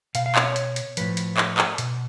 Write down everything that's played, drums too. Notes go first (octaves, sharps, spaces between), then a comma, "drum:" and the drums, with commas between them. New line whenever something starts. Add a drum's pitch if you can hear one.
B2 F5, drum: hi-hat
F5
drum: clap
C#5
drum: hi-hat
drum: hi-hat
A2 F3 B4, drum: hi-hat
drum: hi-hat
drum: clap
drum: clap
B2, drum: hi-hat